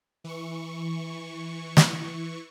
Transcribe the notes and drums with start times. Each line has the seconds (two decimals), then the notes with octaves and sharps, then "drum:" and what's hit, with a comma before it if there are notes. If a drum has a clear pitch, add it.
0.24 E3 C#6
1.77 drum: snare